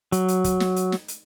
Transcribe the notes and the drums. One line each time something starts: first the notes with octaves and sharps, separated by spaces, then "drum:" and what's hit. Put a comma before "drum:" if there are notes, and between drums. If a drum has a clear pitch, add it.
F#3, drum: hi-hat
drum: hi-hat
drum: kick, hi-hat
drum: snare
drum: hi-hat
drum: snare
drum: hi-hat